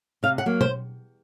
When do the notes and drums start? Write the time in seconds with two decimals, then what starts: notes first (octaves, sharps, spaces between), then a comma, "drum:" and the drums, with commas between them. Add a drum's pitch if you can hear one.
0.23 C3 F5
0.38 F#5
0.46 F#3 A#3
0.61 C5, drum: tom B2